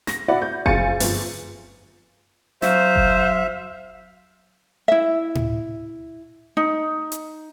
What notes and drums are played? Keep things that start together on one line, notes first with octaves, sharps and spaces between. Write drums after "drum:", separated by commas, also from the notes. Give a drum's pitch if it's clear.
A#6, drum: snare
E4 F#4 D5 F#5 B5
G6
F#1 F3 F5 G#5 A6 C#7, drum: kick F#1
G1 F3, drum: open hi-hat
F#3 C4 C5 E5 F5, drum: snare
drum: kick F#1
E4 E5
drum: tom A2
D#4
drum: hi-hat